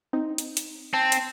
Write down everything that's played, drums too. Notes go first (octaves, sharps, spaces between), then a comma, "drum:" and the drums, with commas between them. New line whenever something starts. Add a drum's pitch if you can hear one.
C4 D#4
drum: hi-hat
drum: hi-hat
C4 A5
drum: hi-hat